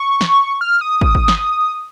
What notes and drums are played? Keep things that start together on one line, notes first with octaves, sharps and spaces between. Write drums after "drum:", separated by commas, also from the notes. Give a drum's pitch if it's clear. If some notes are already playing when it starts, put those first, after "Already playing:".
Already playing: C#6
drum: snare
F6
D#6
drum: kick
drum: kick
drum: snare